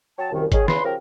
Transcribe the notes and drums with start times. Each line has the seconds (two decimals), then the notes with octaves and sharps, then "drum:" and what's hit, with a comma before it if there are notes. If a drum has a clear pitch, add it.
0.19 F#3 C#5 G5 A5
0.32 C2 F#2 D#3
0.52 D#3 C#4 G#4, drum: kick G1, hi-hat
0.68 E2 C#3 B4 B5 C6, drum: snare
0.84 C#3 F3 G4 A#4